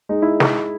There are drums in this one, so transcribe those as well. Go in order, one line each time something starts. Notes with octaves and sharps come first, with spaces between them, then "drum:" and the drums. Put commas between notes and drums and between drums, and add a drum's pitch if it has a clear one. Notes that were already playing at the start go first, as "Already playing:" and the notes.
G#3 D#4
E4
drum: snare